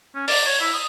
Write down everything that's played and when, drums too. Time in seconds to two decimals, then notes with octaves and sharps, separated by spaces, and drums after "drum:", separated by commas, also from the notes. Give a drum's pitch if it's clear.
0.15 C#4
0.28 D5, drum: open hi-hat
0.46 C#5
0.60 E4
0.74 D#6